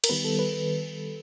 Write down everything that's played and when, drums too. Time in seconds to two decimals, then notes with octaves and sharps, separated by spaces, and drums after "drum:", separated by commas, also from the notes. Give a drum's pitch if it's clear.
0.04 A#4, drum: cymbal
0.09 D#3 G3 B3 B4
0.24 A4
0.39 B4
0.53 B4